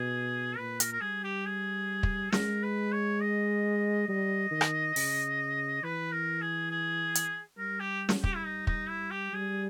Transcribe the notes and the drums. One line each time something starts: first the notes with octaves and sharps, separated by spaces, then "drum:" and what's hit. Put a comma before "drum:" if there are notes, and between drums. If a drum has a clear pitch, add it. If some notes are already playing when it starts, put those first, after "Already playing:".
Already playing: B2 G#4
A#2 B4
A#4, drum: hi-hat
A#4
G3 G#4
G4
G#4
drum: kick
G#3 A#4, drum: snare
B4
C#5
D#5
G3 D#5
D#3
drum: rim click
C#3, drum: open hi-hat
E3 B4
A#4
G#4
G#4
drum: hi-hat
G3 A#4
G4
drum: snare
G4, drum: kick
E4
D#4
D#4, drum: kick
E4
G4
G3 G#4